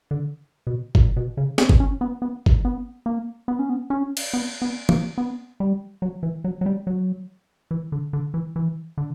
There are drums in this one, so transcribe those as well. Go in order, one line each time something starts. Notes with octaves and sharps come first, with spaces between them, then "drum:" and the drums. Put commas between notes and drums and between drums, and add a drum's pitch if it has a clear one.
D3
B2
A#2, drum: kick G1
B2
C#3
B3, drum: snare
drum: kick G1
C#4
B3
B3
drum: kick G1
B3
A#3
B3
C#4
B3
C#4
drum: cymbal
B3
B3
A#3, drum: tom E3
B3
G3
F#3
E3
F#3
F#3
G3
F#3
E3
D3
D3
E3
E3
D3